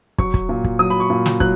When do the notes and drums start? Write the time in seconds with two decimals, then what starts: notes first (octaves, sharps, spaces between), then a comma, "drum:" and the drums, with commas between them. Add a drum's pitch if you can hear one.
0.18 F#3 C#6, drum: kick
0.34 drum: kick
0.49 A#2
0.64 drum: kick
0.79 F#3 D#6
0.90 B5
1.00 C#6
1.10 A#2
1.26 drum: snare
1.40 F#3 F#6, drum: kick